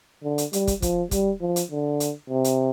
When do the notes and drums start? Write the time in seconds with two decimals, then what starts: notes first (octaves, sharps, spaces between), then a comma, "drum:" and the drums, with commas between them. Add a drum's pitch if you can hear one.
0.24 D3
0.38 drum: hi-hat
0.53 G3, drum: hi-hat
0.67 drum: kick, hi-hat
0.82 F3, drum: kick, hi-hat
1.11 G3, drum: kick, hi-hat
1.41 F3
1.56 drum: hi-hat
1.71 D3
2.00 drum: hi-hat
2.30 C3
2.44 drum: hi-hat